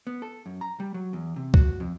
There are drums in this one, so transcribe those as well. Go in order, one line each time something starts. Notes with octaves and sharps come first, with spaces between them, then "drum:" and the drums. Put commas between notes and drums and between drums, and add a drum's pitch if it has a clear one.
B3
A4
F#2
A#5
G3
F#3
E2
C3
F#4, drum: kick C#2
F2